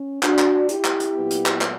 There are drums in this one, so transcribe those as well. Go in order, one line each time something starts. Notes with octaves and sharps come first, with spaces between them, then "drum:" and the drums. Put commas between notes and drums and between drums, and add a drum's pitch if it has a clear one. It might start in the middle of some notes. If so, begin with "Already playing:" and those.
Already playing: C#4
D4 F#4, drum: clap
drum: clap
E4 G4, drum: hi-hat
drum: clap
drum: hi-hat
A#2 F#3 B3
drum: hi-hat
drum: clap
drum: clap